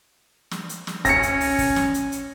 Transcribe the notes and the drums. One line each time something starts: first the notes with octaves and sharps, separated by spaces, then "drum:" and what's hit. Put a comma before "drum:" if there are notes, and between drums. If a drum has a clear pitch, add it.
drum: snare
drum: hi-hat
drum: snare
C#4 A#6 C#7, drum: kick, hi-hat
drum: hi-hat
drum: open hi-hat
drum: kick, open hi-hat
drum: snare
drum: hi-hat
drum: hi-hat